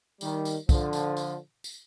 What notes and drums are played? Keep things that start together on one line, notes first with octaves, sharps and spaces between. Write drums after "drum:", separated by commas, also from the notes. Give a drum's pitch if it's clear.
D#3 G3, drum: tambourine
drum: tambourine
D3 F3, drum: kick, tambourine
drum: tambourine
drum: tambourine
drum: tambourine